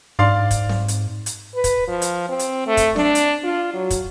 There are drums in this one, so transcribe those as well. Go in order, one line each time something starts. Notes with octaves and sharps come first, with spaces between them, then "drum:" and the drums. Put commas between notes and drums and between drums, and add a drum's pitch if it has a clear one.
G#2 D5 F5 C6
drum: kick, hi-hat
drum: snare C4
drum: hi-hat
drum: hi-hat
B4
drum: kick, hi-hat
F3
drum: hi-hat
C4
drum: hi-hat
A3
drum: kick, hi-hat
D4, drum: snare C4
drum: hi-hat
F4
F#3
drum: kick, hi-hat